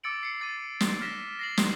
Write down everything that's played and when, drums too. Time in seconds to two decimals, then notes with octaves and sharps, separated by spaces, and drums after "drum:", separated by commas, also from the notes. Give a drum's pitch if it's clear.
0.03 D6 E6 A6 C#7 D7 F#7
0.23 C7 C#7
0.40 D6 A6 C#7 D#7
0.80 drum: snare
1.01 F6 A#6 B6 E7
1.39 A#6 C7 F#7
1.57 drum: snare